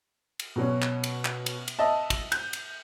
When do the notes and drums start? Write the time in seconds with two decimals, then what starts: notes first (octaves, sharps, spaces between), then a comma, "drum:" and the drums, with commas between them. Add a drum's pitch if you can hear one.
0.39 drum: cymbal
0.56 B2 F#3 C#4
0.82 drum: clap
1.04 drum: cymbal
1.25 drum: clap
1.46 drum: cymbal
1.68 drum: cymbal
1.79 D#5 E5 A5
2.10 drum: kick, cymbal
2.32 G6, drum: cymbal
2.53 drum: cymbal